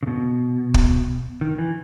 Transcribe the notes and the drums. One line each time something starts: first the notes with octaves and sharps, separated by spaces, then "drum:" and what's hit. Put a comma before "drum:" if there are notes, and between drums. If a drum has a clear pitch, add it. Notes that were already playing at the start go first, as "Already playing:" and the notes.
C#3
B2
drum: kick
D#3
E3